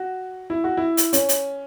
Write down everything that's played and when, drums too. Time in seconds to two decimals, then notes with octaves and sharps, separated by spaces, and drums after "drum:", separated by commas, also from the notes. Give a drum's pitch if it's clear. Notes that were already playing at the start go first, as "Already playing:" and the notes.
Already playing: F#4
0.50 E4
0.64 F#4
0.77 E4
0.97 drum: hi-hat
1.13 C#4, drum: hi-hat
1.29 drum: hi-hat